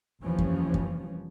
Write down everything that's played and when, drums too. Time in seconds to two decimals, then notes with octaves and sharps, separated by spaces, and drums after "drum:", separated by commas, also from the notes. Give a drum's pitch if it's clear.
0.21 F1 D#2 E3 F3 G3 C#4
0.39 drum: kick F#2
0.74 drum: kick F#2